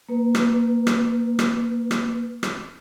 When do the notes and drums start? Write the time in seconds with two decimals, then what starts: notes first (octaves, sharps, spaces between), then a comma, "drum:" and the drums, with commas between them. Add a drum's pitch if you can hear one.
0.09 A#3 B4
0.35 drum: rim click
0.87 drum: rim click
1.39 drum: rim click
1.91 drum: rim click
2.43 drum: rim click